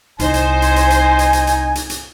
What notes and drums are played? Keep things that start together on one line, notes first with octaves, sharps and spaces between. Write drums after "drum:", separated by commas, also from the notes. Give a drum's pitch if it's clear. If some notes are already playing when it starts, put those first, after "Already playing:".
C2 D#4 C5 G#5, drum: hi-hat
drum: hi-hat
drum: hi-hat
drum: hi-hat
drum: hi-hat
drum: hi-hat
drum: hi-hat
drum: hi-hat
drum: hi-hat
drum: hi-hat